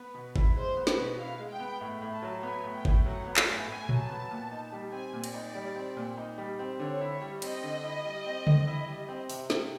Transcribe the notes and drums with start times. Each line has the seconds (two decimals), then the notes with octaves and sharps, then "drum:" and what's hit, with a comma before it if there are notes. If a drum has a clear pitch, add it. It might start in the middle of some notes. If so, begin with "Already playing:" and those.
Already playing: B3 B4
0.14 B2
0.36 E4, drum: kick
0.56 G#3 C5
0.77 B3
0.87 B4, drum: snare
0.97 B2
1.18 E4 F5
1.39 G#3
1.49 G5
1.60 B3
1.81 A2
2.02 A2
2.12 A5
2.22 F#3
2.43 B3 G#5
2.64 A2
2.74 G5
2.85 A2, drum: kick
3.05 F#3 F#5
3.26 B3
3.36 G#5, drum: clap
3.47 A2
3.68 A2 G#5
3.89 F#3, drum: tom A#2
3.99 A5
4.10 B3
4.30 A#2
4.51 D#4
4.72 G3
4.92 C4 G#5
5.13 A#2
5.24 D5, drum: cymbal
5.34 D#4
5.55 G3
5.76 C4
5.97 A#2
6.17 D#4
6.38 G3
6.59 C4
6.79 D3 C#5
7.01 E4
7.11 C#5
7.22 G3
7.42 C4 D#5, drum: cymbal
7.63 D3
7.84 E4
8.05 G3
8.26 C4
8.47 D3, drum: tom C#3
8.67 E4
8.88 G3
9.08 C4
9.30 C3, drum: open hi-hat
9.50 C3, drum: snare